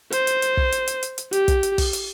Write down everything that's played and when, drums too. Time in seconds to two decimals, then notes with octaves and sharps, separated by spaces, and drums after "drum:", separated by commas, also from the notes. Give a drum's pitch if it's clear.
0.12 C5, drum: hi-hat
0.27 drum: hi-hat
0.42 drum: hi-hat
0.57 drum: kick
0.72 drum: hi-hat
0.87 drum: hi-hat
1.03 drum: hi-hat
1.18 drum: hi-hat
1.33 G4, drum: hi-hat
1.48 drum: kick, hi-hat
1.63 drum: hi-hat
1.78 drum: kick, open hi-hat
1.93 drum: hi-hat